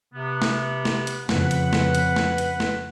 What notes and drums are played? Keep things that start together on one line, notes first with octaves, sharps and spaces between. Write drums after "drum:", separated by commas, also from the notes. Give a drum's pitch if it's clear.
C3 B3
drum: snare
drum: snare
drum: hi-hat
F2 C#3 B4 F#5, drum: snare
drum: hi-hat
drum: snare
drum: hi-hat
drum: snare
drum: hi-hat
drum: snare